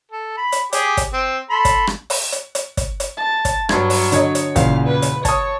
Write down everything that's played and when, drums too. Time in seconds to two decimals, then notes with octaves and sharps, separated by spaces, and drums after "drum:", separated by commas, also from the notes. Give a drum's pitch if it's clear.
0.12 A4
0.38 B5
0.52 drum: hi-hat
0.73 G4 G#4, drum: hi-hat
0.97 drum: kick, hi-hat
1.13 C4
1.50 A4 B5 C6
1.65 drum: kick, hi-hat
1.87 drum: rim click
2.10 drum: open hi-hat
2.32 drum: hi-hat
2.55 drum: hi-hat
2.77 drum: kick, hi-hat
3.00 drum: hi-hat
3.18 A5
3.45 drum: kick, hi-hat
3.69 G2 F#3 C6 G#6, drum: rim click
3.90 drum: open hi-hat
4.12 D3 C#5 D#5, drum: hi-hat
4.35 drum: hi-hat
4.56 E2 A#2 C#3 F5, drum: kick, hi-hat
4.87 B4
5.02 drum: hi-hat
5.25 C#5 A5 D#6, drum: kick, hi-hat